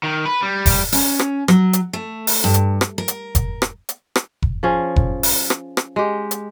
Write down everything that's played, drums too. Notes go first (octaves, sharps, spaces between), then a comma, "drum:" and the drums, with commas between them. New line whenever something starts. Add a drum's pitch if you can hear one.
D#3
B4
G3
drum: kick F1, open hi-hat
C#4, drum: open hi-hat
drum: rim click
F#3, drum: rim click
drum: hi-hat
A3
drum: open hi-hat
G2
drum: hi-hat
drum: rim click
A#4
drum: hi-hat
drum: kick F1, hi-hat
drum: rim click
drum: hi-hat
drum: rim click
drum: kick F1
F3 C#4 G#4
drum: kick F1
drum: open hi-hat
drum: rim click
drum: rim click
G#3 G4
drum: hi-hat